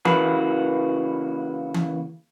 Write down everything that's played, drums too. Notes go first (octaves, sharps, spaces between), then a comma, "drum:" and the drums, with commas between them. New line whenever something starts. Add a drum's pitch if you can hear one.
C#3 E3 A#3 F#4 B4, drum: tom E3
drum: tom E3